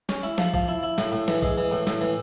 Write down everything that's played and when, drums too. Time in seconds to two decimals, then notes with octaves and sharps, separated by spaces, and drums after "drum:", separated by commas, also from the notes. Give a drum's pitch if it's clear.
0.09 C#4, drum: snare
0.23 E4
0.38 F3, drum: snare
0.54 F3, drum: kick
0.68 E4
0.83 E4
0.98 A2, drum: snare
1.12 A2
1.28 E3, drum: snare
1.42 G#3, drum: kick
1.58 E3
1.71 A2
1.87 A2, drum: snare
2.01 E3